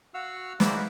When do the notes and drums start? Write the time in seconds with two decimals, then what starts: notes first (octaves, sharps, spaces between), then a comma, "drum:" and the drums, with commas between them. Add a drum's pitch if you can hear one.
0.14 F#4 F5 F#5 E6 F6
0.60 A#3 E4 F#4 G#4 C5 D5, drum: snare
0.76 D#4 A#4 B4